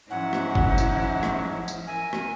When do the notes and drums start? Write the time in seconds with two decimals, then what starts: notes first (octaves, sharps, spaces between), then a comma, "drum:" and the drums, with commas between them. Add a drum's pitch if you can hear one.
0.10 G#2 F3 F#3 C#4 E4 F#5
0.33 drum: rim click
0.55 drum: kick F#1
0.78 drum: tambourine
1.23 drum: rim click
1.68 drum: tambourine
1.87 A#4 E5 G#5
2.13 drum: rim click